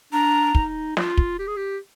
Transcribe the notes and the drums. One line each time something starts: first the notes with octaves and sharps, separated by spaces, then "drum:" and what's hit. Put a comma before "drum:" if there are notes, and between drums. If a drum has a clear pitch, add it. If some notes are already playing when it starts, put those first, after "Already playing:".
D4 A#5
D#4, drum: kick
F4, drum: snare
drum: kick
G4
G#4
G4